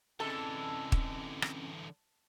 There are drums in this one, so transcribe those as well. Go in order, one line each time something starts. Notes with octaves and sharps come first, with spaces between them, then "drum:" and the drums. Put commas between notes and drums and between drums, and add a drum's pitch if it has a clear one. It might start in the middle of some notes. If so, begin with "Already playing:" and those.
D3 E3 G#3 C4 C#4 A4 A5
drum: kick
drum: rim click